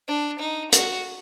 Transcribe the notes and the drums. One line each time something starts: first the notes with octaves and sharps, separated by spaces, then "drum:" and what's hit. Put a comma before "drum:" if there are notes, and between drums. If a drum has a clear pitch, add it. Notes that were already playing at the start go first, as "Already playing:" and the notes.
D4
D#4
F#4, drum: hi-hat